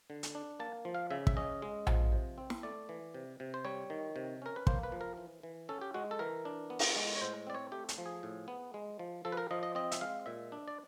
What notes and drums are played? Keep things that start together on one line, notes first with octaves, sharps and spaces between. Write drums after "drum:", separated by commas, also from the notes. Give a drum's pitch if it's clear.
D3
drum: hi-hat
D4
A#3 A5
F3
F5
C#3 E5
E5, drum: kick
C#4 D#5
G#3
F3, drum: tom A#1
C3
C4
drum: snare
A3 D5
E3
C3
C3
C5
G3 C#5
D#3
C3
C#4 A#4
B4
A#3 C5, drum: kick
B4
F3
A#4
E3
E3
C#4 A4
G4
G#3 F#4
A4
E3 A#4
D4
B3
drum: open hi-hat
G#3
C#5
A2 C5
C4 D5
C#5
A3 G4
drum: hi-hat
F3
G#4
A2
B3
G#3
F3
F3 A4
B4
A#4
F3 D#5
D#5
C4 D#5
E5, drum: hi-hat
G#3 F5
A#2 E5
D4
D5